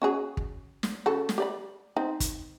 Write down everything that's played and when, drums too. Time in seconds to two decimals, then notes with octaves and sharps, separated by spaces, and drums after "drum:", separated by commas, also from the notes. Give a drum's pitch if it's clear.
0.02 C#4 F#4 G#4
0.37 drum: kick
0.83 drum: snare
1.06 C#3 F#4 A4
1.29 drum: snare
1.38 G4 D5 B5
1.96 C4 D#4
2.20 drum: kick, hi-hat